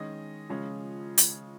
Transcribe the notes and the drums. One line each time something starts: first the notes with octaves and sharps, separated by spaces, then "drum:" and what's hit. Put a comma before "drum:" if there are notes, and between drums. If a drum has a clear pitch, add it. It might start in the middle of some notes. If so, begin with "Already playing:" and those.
Already playing: D#3 G#3 C#4 D#5
C#3 F3 G#3 C#4
drum: hi-hat